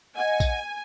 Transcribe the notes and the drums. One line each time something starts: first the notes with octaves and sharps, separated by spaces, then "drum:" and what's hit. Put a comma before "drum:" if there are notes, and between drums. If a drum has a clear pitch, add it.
D#5 F#5 G#5
drum: kick, tambourine